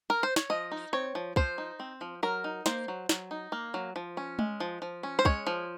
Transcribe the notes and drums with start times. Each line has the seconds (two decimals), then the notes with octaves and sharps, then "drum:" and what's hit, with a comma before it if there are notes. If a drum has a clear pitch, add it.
0.10 A#4
0.23 C5
0.36 C#5, drum: snare
0.50 F3 D#5
0.72 D#4
0.93 C4 C#5
1.15 F3
1.36 F3 C5, drum: kick
1.58 D#4
1.80 C4
2.01 F3
2.23 F#3 A#4
2.44 D#4
2.66 A#3 C5, drum: snare
2.88 F#3
3.09 F#3, drum: snare
3.31 D#4
3.52 A#3
3.74 F#3
3.96 F3
4.17 C#4
4.39 G#3, drum: tom G#3
4.60 F3
4.82 F3
5.03 C#4
5.19 C5
5.25 G#3 C#5, drum: kick
5.47 F3